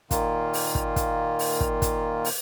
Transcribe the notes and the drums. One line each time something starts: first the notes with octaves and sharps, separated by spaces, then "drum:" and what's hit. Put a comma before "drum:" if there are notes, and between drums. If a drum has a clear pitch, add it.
A#2 D#3 A#3 F4, drum: kick, hi-hat
drum: open hi-hat
drum: kick
drum: kick, hi-hat
drum: open hi-hat
drum: kick
drum: kick, hi-hat
drum: open hi-hat